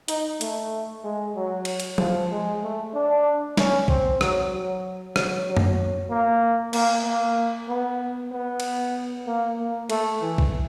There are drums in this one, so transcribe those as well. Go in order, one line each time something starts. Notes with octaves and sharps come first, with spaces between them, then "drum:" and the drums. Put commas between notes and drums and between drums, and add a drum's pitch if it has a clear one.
D#4, drum: hi-hat
A3, drum: hi-hat
G#3
F#3
drum: cymbal
drum: hi-hat
F3, drum: tom F3
G#3
A3
D4
C#4, drum: snare
C4, drum: kick
F#3, drum: rim click
F#3
F#3, drum: rim click
F#3
drum: tom F#2
A#3
A#3, drum: cymbal
A#3
B3
B3
drum: cymbal
A#3
A#3
A3, drum: cymbal
E3
drum: kick